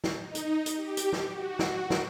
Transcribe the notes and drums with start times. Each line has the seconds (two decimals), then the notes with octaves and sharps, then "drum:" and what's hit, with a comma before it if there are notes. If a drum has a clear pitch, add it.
0.04 drum: snare
0.21 D#4
0.35 drum: hi-hat
0.66 drum: hi-hat
0.76 G4
0.97 drum: hi-hat
1.12 drum: snare
1.28 F#4
1.59 drum: snare
1.90 drum: snare